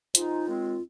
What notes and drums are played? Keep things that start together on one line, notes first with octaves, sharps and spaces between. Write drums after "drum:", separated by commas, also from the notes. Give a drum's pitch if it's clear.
G#2 G#3 D#4 F4, drum: hi-hat
D#2 D#3 G#3 C4